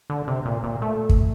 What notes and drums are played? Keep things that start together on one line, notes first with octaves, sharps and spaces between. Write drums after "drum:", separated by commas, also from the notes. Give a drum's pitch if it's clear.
D3
C3
A#2
A#2
A3
drum: kick